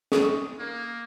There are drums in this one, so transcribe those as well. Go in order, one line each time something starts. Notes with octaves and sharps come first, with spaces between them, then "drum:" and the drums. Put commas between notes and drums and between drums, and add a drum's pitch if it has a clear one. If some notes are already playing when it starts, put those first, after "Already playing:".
C#6 D#6, drum: snare
A#3